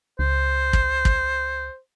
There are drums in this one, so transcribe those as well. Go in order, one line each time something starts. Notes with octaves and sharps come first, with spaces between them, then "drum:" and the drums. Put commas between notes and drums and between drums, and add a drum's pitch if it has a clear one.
C#2 C5
drum: kick
drum: kick